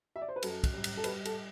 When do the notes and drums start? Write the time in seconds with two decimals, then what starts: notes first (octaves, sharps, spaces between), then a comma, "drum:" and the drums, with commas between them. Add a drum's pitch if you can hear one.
0.16 E5
0.21 D5
0.28 C5
0.36 B4
0.43 F#2 A4, drum: cymbal
0.64 drum: kick, cymbal
0.74 G3
0.84 drum: cymbal
0.97 A4
1.04 G3 B4, drum: cymbal
1.25 A4, drum: cymbal